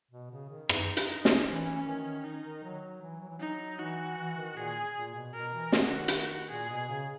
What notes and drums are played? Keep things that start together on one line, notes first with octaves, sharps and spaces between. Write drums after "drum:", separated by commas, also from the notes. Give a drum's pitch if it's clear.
B2
C#3
D#3
D#4, drum: rim click
drum: hi-hat
drum: snare
E3 C#4
E3
D#3
D#4
D#3
F#3
E3
F#3
E3
F#3 D#4
E3 F#4
E3
D#3
A#2 G#4
A#2
B2
B2 A#4
E3
D#3 F#4, drum: snare
drum: hi-hat
A#2 G#4
B2
C#3